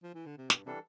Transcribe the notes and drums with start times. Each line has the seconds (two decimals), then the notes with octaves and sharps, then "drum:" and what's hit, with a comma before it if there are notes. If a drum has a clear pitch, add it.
0.03 F3
0.14 E3
0.26 D3
0.38 C3
0.50 G2 B2, drum: snare
0.66 C3 E3 G3 D4 A4